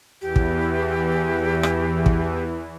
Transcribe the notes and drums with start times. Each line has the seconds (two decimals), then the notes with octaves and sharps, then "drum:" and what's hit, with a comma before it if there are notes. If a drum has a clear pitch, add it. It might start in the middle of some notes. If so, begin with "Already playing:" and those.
0.21 E2 E3 G4
0.36 drum: kick
1.63 drum: rim click
2.06 drum: kick